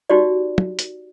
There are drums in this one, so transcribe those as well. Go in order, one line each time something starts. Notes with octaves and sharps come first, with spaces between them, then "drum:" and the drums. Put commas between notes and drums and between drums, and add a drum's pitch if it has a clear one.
D#4 F#4 G4 D5
drum: tom
drum: hi-hat